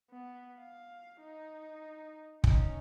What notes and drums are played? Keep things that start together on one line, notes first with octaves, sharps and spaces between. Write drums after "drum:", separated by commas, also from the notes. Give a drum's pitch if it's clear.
B3
F5
D#4
C#4 D#4, drum: kick